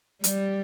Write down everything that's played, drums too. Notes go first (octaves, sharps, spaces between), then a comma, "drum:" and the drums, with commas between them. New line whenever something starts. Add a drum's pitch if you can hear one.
G3, drum: hi-hat